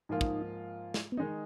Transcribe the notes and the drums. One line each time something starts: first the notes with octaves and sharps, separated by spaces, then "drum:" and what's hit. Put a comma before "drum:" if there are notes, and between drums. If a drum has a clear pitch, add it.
G#2 F3 A#3 D#4 F4
drum: kick
drum: snare
B3
D#3 G#3 C#4 D#4